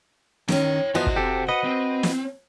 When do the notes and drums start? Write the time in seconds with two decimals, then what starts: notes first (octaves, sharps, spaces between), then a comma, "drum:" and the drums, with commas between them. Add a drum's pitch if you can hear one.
0.48 D#3 C#4 C#5 G5, drum: snare
0.95 E3 F3 B3 E4 F#4 C5 D#5
1.07 drum: kick
1.16 C3 G4 A4
1.49 B4 D#5 F#5
1.64 C4
2.03 drum: snare